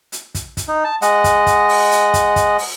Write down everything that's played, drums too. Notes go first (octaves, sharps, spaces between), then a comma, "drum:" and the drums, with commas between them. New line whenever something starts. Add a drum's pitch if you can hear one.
drum: hi-hat
drum: kick, hi-hat
drum: kick, hi-hat
D#4
A5
G#3 D#5 F#5, drum: hi-hat
drum: kick, hi-hat
drum: kick, hi-hat
drum: open hi-hat
drum: hi-hat
drum: kick, hi-hat
drum: kick, hi-hat
drum: open hi-hat